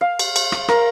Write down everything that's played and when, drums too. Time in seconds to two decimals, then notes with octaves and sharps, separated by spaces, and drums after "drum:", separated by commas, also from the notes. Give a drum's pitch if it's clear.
0.01 F5
0.19 drum: cymbal
0.36 drum: cymbal
0.52 drum: rim click
0.68 A#4, drum: rim click